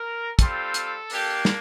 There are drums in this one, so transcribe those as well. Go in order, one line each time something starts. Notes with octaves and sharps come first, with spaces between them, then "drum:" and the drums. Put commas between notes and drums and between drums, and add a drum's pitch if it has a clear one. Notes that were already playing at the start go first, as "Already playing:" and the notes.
Already playing: A#4
G3 C4 F4 A4, drum: kick, hi-hat
drum: hi-hat
A#3 D4 G4, drum: open hi-hat
drum: snare